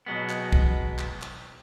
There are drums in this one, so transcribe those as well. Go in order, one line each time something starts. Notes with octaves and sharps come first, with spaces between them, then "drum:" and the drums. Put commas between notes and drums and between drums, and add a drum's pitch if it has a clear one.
B2 F#3 G#3 B3
drum: clap
drum: kick
drum: clap
drum: clap